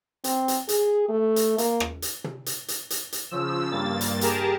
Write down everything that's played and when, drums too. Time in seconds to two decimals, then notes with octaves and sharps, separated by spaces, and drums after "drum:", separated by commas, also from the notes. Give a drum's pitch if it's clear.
0.24 C4, drum: hi-hat
0.48 drum: hi-hat
0.69 G#4, drum: hi-hat
1.09 A3
1.36 drum: hi-hat
1.58 A#3, drum: hi-hat
1.80 drum: rim click
2.02 drum: hi-hat
2.24 drum: tom
2.46 drum: hi-hat
2.68 drum: hi-hat
2.90 drum: hi-hat
3.12 drum: hi-hat
3.30 C#3 F3 E6
3.71 G2 A#3 A6
4.01 drum: hi-hat
4.21 G4 G#4 A#4 A5 A#5, drum: hi-hat